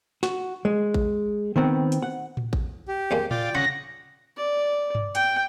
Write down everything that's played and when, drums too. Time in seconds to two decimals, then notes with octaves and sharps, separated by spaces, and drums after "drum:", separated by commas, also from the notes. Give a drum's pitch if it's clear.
0.23 F#4, drum: snare
0.65 G#3
0.94 drum: kick A1
1.56 D#3 B3 C4
1.92 drum: hi-hat
2.02 F#5
2.37 drum: tom A2
2.53 drum: kick A1
2.88 G4
3.11 E2 G#3 A#3
3.31 F4 D5 G5 D6, drum: tom A2
3.55 C#3 F#5 B5 C#6 A#6
4.37 D5
4.95 drum: tom G2
5.15 G5, drum: hi-hat